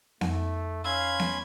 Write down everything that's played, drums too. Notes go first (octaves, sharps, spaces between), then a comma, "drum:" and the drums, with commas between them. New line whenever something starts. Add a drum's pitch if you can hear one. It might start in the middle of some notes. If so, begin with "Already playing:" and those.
F2 A3, drum: snare B3
C#4 F5 B5 C6 E6 G#6
drum: snare B3